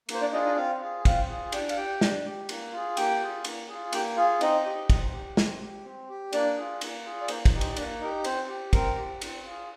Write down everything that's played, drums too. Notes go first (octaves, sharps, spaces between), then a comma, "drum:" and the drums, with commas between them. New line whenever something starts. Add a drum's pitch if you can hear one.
A#3, drum: cymbal
C5
D4 D5
D4 D#4 F4 G#4 D#5
D#4 D#5
C4 F4 F5
F4 G#4
C4 F4 F5, drum: kick, cymbal
F4 G#4
D4 G4 G5, drum: cymbal
F5, drum: cymbal
G4 G5
D4, drum: snare
G4
A#3, drum: cymbal
F4 G#4
A#3 G4 G5, drum: cymbal
F4 G#4
A#3, drum: cymbal
F4 G#4
A#3 G4 G5, drum: cymbal
F4 G#4 F5
C4 D#4 D#5, drum: cymbal
G4
C4, drum: kick, cymbal
G4
C4, drum: snare
G4
C4
G4
A#3 D4 D5, drum: cymbal
F4 G#4
A#3, drum: cymbal
F4 G#4
D5
A#3 C5, drum: cymbal
C5, drum: kick, cymbal
D#4 G4
C5, drum: cymbal
A#3 D4 D5, drum: cymbal
D#4 G4 A#4
C4 C5, drum: cymbal
G4
C4 A#4, drum: kick, cymbal
G4
C4, drum: cymbal
F4 G#4